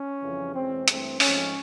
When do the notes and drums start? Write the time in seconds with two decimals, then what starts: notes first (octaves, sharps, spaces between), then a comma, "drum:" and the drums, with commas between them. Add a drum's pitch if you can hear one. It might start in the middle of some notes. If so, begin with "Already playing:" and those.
Already playing: C#4
0.22 F2 C#3 E3 G3
0.55 E2 B2 G#3 C4
0.88 G2 E3 A3 C4, drum: hi-hat
1.20 G#2 F3 A3 C4 C#4, drum: open hi-hat